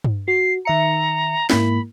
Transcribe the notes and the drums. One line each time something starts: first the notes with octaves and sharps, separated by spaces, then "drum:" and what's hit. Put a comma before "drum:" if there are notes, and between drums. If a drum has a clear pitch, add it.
drum: tom G2
F#4 C7
D#3 E5 A#5 C#7
G#2 A#3 E4 B5, drum: snare